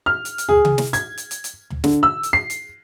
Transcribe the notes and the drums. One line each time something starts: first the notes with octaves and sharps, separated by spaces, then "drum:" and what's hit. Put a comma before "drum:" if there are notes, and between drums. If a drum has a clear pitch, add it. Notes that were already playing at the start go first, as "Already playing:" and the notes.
F6
drum: hi-hat
drum: hi-hat
G#4, drum: tom
drum: tom C3
drum: snare
G#6, drum: hi-hat
drum: hi-hat
drum: hi-hat
drum: hi-hat
drum: tom
D3, drum: snare
E6
drum: hi-hat
C7
drum: hi-hat